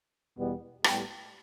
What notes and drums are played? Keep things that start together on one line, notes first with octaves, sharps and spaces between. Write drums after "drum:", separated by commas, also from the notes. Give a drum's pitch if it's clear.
E2 B2 G3 B3
A2 G3 B3 G4, drum: rim click